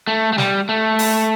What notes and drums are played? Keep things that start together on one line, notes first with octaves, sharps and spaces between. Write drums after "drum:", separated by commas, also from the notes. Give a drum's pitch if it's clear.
A3
A3
G3, drum: snare
A3
drum: open hi-hat